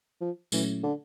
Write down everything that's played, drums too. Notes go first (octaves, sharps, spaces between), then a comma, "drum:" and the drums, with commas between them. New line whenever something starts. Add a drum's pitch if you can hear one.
F3
A#2 E3 F#3 A3 C#4 E4, drum: tambourine
D3